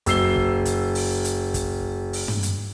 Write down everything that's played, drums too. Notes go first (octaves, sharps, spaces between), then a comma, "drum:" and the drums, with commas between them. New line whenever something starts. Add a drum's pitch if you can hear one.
F#1 E6 C7 G7, drum: hi-hat
drum: kick
drum: hi-hat
drum: open hi-hat
drum: hi-hat
drum: kick, hi-hat
drum: open hi-hat
drum: tom
drum: hi-hat